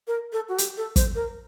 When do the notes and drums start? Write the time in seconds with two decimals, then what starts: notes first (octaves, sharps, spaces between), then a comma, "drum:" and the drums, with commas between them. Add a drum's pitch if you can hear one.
0.07 A#4
0.32 A4
0.49 F#4
0.58 G4, drum: hi-hat
0.77 A4
0.96 C5, drum: kick, hi-hat
1.15 A#4